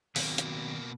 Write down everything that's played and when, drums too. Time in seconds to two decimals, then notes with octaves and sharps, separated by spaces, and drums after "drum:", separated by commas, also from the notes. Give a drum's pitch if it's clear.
0.16 B2 D#3 F#3 A#3 C4, drum: open hi-hat
0.38 drum: hi-hat